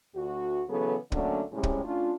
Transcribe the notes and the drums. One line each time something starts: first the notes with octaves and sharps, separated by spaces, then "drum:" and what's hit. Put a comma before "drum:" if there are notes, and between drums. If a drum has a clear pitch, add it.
D2 F#4
C#3 E3 F#3 B3 G#4 A4
D3 F#3 A3 A#3 C#4 D4, drum: kick
A2 C3 G3 G#3 C#4
drum: kick
A3 C#4 D4 F4